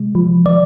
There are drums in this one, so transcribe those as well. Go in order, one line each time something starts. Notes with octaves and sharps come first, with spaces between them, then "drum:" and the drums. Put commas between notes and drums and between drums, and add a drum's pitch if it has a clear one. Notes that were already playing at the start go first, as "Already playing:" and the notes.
Already playing: C3 G#3
F3
D5, drum: tom